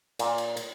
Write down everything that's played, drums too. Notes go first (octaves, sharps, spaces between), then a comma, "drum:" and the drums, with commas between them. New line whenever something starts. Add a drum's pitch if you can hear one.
A#2, drum: cymbal
drum: cymbal
drum: cymbal